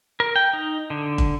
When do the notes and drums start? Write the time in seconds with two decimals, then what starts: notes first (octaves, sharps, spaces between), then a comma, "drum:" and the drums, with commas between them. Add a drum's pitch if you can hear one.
0.20 A#4
0.36 G5
0.53 D#4
0.90 D3
1.18 drum: kick